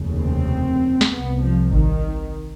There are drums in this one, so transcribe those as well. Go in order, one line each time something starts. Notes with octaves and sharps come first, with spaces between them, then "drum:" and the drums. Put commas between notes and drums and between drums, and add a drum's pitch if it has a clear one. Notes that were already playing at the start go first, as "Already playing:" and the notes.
Already playing: F1 D#2 C#3
C4
drum: snare
C2 C3 B3
F3
D#3, drum: kick G#1